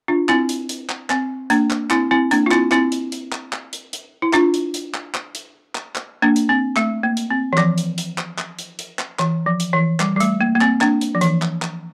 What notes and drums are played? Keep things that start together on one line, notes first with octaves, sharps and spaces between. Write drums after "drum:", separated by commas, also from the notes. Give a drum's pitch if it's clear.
D4 F4
C4 E4, drum: clap
drum: hi-hat
drum: hi-hat
drum: clap
C4, drum: clap
A#3 D4, drum: hi-hat
drum: clap
C4 E4, drum: clap
C4 E4
A#3 D4, drum: hi-hat
F4
C4 E4, drum: clap
C4 E4, drum: clap
drum: hi-hat
drum: hi-hat
drum: clap
drum: clap
drum: hi-hat
drum: hi-hat
E4
D4 F4, drum: clap
drum: hi-hat
drum: hi-hat
drum: clap
drum: clap
drum: hi-hat
drum: clap
drum: clap
A#3 D4
drum: hi-hat
C4
A3, drum: clap
A#3
drum: hi-hat
C4
E3
F3, drum: clap
drum: hi-hat
drum: hi-hat
drum: clap
drum: clap
drum: hi-hat
drum: hi-hat
drum: clap
E3, drum: clap
F3
drum: hi-hat
E3
G3, drum: clap
G3
A3, drum: hi-hat
A#3
A#3
C4, drum: clap
A#3 D4, drum: clap
drum: hi-hat
F3
E3, drum: hi-hat
drum: clap
drum: clap